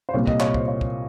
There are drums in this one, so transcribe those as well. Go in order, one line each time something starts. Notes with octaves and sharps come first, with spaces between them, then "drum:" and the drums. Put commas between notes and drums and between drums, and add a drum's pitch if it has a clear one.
C5
C2 A#2 G3 A#3 C#5
D#5, drum: kick
C#5, drum: clap
C5, drum: kick
C#5
drum: kick